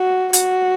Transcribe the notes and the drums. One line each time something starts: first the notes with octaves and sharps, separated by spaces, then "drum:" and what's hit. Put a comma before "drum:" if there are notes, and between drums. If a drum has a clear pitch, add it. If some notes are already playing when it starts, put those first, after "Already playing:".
Already playing: F#4
F#4, drum: hi-hat